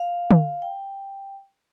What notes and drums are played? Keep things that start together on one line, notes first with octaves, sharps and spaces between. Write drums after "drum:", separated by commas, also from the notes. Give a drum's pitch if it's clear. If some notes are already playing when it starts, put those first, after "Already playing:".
Already playing: F5
drum: tom
G5